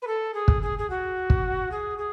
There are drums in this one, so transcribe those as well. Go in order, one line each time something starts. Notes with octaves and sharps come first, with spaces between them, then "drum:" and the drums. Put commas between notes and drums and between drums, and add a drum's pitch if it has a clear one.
B4
A4
G#4
drum: kick
G#4
G#4
F#4
drum: kick
G#4
G#4